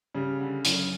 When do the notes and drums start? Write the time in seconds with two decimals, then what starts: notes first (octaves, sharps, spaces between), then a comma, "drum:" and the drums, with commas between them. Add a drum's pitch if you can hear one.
0.15 C#3 G3
0.41 D3
0.65 F#2, drum: hi-hat